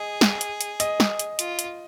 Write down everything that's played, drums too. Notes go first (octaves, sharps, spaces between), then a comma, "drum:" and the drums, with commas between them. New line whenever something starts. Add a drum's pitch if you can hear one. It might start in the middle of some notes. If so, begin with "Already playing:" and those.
Already playing: G#4 D#5
drum: snare
drum: hi-hat
drum: hi-hat
D#5, drum: hi-hat
drum: snare
drum: hi-hat
F4, drum: hi-hat
drum: hi-hat